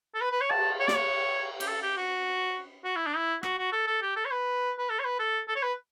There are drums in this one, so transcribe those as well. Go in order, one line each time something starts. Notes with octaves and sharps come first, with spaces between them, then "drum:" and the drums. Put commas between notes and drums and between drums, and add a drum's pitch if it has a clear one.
A4
B4
B4
C#5
A5, drum: cymbal
C#5
D5, drum: snare
C#5
G4, drum: cymbal
A4
G4
F#4
F#4
E4
D4
E4
F#4, drum: rim click
F#4
A4
A4
G4
A4
C#5
B4
B4
A4
C#5
B4
A4
A4
C#5
B4